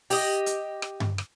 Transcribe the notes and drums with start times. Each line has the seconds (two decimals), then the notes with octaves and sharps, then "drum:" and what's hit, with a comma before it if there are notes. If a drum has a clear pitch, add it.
0.10 G4 D#5, drum: open hi-hat
0.46 drum: hi-hat
0.82 drum: rim click
1.00 drum: tom G2
1.18 drum: rim click